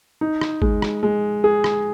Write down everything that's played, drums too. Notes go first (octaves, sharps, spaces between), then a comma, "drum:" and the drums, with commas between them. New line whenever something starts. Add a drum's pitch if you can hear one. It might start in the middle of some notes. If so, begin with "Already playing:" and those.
D#4
drum: rim click
G#3, drum: kick G#1
drum: rim click
G#3
G#4
drum: rim click